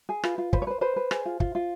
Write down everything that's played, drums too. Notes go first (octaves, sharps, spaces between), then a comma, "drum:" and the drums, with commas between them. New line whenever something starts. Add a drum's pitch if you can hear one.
G#4
F4 B4, drum: rim click
F4
B4 C5, drum: kick
C#5
B4 C5
B4 C5
B4
G#4, drum: rim click
F4
F4, drum: kick
F4